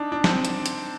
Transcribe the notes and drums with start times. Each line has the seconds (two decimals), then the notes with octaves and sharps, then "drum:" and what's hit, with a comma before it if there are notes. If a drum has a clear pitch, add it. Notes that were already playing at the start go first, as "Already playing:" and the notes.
Already playing: D4 D#4
0.12 D4
0.24 C4, drum: snare
0.45 drum: hi-hat
0.66 drum: hi-hat